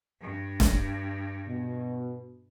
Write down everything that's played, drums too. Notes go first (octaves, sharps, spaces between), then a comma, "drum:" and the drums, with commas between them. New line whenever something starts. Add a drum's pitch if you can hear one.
G2
drum: snare
B2